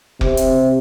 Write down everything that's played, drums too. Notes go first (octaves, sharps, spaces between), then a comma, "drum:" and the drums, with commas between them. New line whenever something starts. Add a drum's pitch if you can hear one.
C3, drum: kick F1
drum: hi-hat